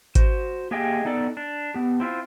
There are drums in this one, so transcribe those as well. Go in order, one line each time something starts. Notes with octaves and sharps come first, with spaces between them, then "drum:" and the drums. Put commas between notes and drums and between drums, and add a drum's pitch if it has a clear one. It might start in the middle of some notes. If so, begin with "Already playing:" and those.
F#4 C5, drum: kick G#1, hi-hat
A#3 G4 G#4 D#5 E5 G5
B3 D#4 A4 D5
D4
B3 G4
C4 E4 F4 C5